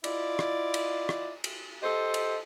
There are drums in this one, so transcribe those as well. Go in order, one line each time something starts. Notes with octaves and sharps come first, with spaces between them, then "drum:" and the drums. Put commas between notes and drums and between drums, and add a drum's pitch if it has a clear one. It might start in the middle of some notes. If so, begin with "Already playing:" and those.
E4 F4 D5 D#5, drum: cymbal
drum: rim click
drum: cymbal
drum: rim click
drum: cymbal
G4 A4 C5 D#5
drum: cymbal